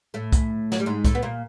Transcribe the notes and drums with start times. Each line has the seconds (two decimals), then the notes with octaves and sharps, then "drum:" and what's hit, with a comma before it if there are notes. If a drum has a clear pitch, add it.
0.14 A2 A3
0.32 drum: kick, hi-hat
0.72 F#3, drum: snare
0.80 G3
0.86 G#2 G#3
1.05 A2 A3, drum: kick, hi-hat
1.15 B3
1.23 A#2 A#3